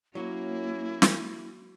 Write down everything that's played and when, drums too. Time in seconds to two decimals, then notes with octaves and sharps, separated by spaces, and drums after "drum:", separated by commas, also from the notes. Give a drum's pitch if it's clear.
0.15 F#3 A#3 C#4 E4 F#4
1.02 drum: snare